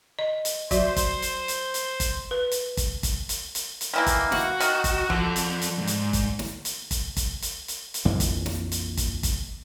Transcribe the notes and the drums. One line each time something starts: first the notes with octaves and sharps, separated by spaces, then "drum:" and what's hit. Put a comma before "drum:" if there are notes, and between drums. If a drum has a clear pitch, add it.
D#5
drum: hi-hat
F#3 F#4 C5 E5, drum: kick G1, hi-hat
drum: kick G1, hi-hat
drum: hi-hat
drum: hi-hat
drum: hi-hat
drum: kick G1, hi-hat
B4
drum: hi-hat
drum: kick G1, hi-hat
drum: kick G1, hi-hat
drum: hi-hat
drum: hi-hat
drum: hi-hat
D#3 E3 A#3
drum: kick G1, hi-hat
F#4, drum: snare
D#3, drum: hi-hat
drum: kick G1, hi-hat
D3 F3 A4, drum: kick G1
drum: hi-hat
drum: hi-hat
F2 G#2
drum: hi-hat
drum: kick G1, hi-hat
drum: snare
drum: hi-hat
drum: kick G1, hi-hat
drum: kick G1, hi-hat
drum: hi-hat
drum: hi-hat
drum: hi-hat
A#1 F2 E3 A#3
drum: kick G1, hi-hat
drum: snare
drum: hi-hat
drum: kick G1, hi-hat
drum: kick G1, hi-hat